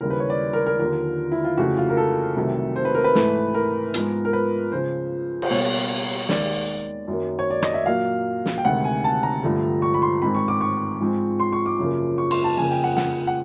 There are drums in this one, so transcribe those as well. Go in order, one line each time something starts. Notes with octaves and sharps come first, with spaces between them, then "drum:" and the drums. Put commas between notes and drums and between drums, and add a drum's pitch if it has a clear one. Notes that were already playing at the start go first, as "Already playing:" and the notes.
D#2 C#3 E3 G3 A#4
B4
C#5
D5
A#4
A#4
D#2 D3 F3 A#4
E4
F4
F2 C#3 E3 A3 F#4
F4
A#4
A4
C2 C3 D#3 F#3 A3
C5
B4
A#4
B4
G#2 E3 A3, drum: snare
A#4
G#2 F3 G#3 B3, drum: hi-hat
A#4
B4
C#2 C#3 F3 C5
C5, drum: cymbal
B2 G3 A#3 C#5
D#2 D#3 G#3 D5, drum: snare
F#2 D#3 F#3 A#3
C#5
D5
D#5, drum: rim click
E5
A#2 F#3 A#3 F5
drum: snare
G5
D2 C3 D#3 G#3 F#5
G#5
A5
A#5
G2 D3 F3 A3
C#6
B5
C6
G#2 D#3 G#3 C4 B5
C#6
D6
C#6
G#2 F3 G#3 C4
C6
C#6
D6
F#2 C#3 F3 A#3
C#6
C6, drum: cymbal
A5
F2 C#3 F3 A#3 G#5
G5
F#5
F#5, drum: snare
F#5